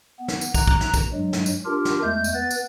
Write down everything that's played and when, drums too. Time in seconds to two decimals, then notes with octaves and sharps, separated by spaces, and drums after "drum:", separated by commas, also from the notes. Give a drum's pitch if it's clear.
0.19 B3
0.28 drum: snare
0.41 drum: tambourine
0.54 A#5 F#6, drum: kick, tambourine
0.68 drum: kick
0.81 drum: snare
0.94 drum: kick, tambourine
1.13 G2 F#3 G#3
1.33 drum: snare
1.46 drum: tambourine
1.65 D4 F4 G4 A#4
1.85 drum: snare
2.03 E2 G#3 A3 G6
2.24 drum: tambourine
2.34 B3 B4 A6
2.51 drum: tambourine